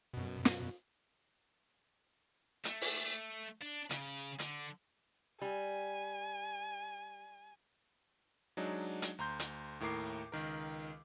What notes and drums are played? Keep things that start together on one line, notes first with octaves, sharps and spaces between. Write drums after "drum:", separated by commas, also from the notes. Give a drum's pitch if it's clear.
F#2 B2
drum: snare
A3, drum: hi-hat
drum: open hi-hat
D4
C#3, drum: hi-hat
D3, drum: hi-hat
G3 G#5
F#3 G#3 D4 D#4
drum: hi-hat
D2 A#5 C6 G6
drum: hi-hat
D#2 A2 E4 A#4 D6 C7
C#2 D#3 A#4